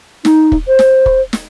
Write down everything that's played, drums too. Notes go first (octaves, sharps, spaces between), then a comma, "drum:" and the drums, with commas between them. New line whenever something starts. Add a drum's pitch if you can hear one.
D#4, drum: snare
drum: kick
C5
drum: snare
drum: kick
drum: snare